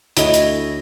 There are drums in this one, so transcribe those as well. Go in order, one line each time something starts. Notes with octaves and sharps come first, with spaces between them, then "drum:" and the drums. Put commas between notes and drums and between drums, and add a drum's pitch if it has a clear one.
D2 E4 C#5 D#5 G7, drum: hi-hat
drum: hi-hat